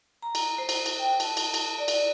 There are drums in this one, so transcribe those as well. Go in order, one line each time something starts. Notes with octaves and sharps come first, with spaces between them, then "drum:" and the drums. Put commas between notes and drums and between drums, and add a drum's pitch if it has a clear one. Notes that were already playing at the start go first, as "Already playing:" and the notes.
A#5
drum: cymbal
C5
drum: cymbal
drum: cymbal
G5
A5, drum: cymbal
drum: cymbal
drum: cymbal
D5
drum: cymbal